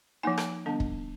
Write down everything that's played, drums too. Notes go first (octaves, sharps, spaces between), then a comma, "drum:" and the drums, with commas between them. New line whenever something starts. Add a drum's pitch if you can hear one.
F3 A#3 D#4 G#5
drum: rim click
D3 G3 B3 D4 A5
drum: kick